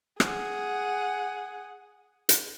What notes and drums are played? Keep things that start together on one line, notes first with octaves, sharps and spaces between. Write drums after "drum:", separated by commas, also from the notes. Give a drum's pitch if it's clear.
G#4 F#5, drum: rim click
drum: hi-hat